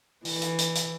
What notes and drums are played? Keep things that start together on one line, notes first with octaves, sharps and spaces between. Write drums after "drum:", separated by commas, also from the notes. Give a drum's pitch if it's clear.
E3, drum: open hi-hat
drum: hi-hat
drum: hi-hat
drum: hi-hat